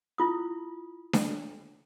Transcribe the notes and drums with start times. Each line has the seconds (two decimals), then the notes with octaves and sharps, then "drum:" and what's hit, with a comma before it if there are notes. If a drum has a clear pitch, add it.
0.18 E4 F4 D#6
1.13 drum: snare D4